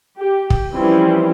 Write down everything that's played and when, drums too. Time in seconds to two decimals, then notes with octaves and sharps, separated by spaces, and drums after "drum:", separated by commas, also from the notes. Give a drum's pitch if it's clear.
0.19 G4
0.50 drum: kick
0.72 E3 F3 G3 C4 C#4 E4